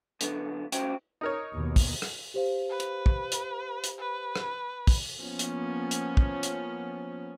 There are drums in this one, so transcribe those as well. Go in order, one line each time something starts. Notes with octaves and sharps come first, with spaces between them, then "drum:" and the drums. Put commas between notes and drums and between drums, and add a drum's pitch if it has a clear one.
F#2 D3 B3, drum: hi-hat
C#2 C#4 F#4 C5 G5, drum: hi-hat
D#4 A#4 C#5
D#2 B2
drum: kick, open hi-hat
drum: rim click
G4 C5 F5
B4
drum: hi-hat
drum: kick
drum: hi-hat
drum: hi-hat
B4
drum: rim click
drum: kick, open hi-hat
F3 A#3 B3 C#4
drum: hi-hat
drum: hi-hat
drum: kick
drum: hi-hat